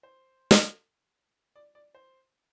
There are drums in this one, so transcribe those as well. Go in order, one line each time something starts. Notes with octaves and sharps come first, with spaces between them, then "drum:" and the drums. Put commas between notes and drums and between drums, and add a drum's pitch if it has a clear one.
C5
drum: snare
D5
D5
C5